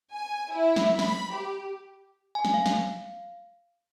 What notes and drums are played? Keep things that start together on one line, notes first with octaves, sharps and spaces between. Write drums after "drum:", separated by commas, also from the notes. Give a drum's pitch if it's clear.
G#5
E4
drum: snare
B5, drum: snare
G4
G#5
drum: snare
F5
drum: snare